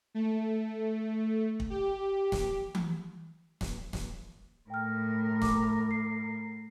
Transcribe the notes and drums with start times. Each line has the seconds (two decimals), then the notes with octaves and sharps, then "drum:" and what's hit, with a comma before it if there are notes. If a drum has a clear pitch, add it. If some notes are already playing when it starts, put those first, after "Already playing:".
0.14 A3
1.60 drum: kick
1.70 G4
2.32 drum: snare
2.75 drum: tom E3
3.61 drum: snare
3.93 drum: snare
4.70 A2 A#4 G5 F6
5.42 D6, drum: snare
5.91 C7